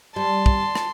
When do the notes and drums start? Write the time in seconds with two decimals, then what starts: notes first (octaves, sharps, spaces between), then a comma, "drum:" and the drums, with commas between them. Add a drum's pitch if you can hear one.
0.16 G3 A5 C6
0.46 drum: kick
0.75 drum: rim click